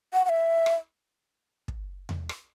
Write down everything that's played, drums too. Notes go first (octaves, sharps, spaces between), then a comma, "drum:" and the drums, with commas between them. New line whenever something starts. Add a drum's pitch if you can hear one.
F#5
F#5
E5
drum: rim click
drum: kick
drum: tom E2
drum: rim click